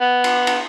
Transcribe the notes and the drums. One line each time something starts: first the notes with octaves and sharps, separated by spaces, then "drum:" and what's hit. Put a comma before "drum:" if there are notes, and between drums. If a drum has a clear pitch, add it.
B3
drum: cymbal
drum: cymbal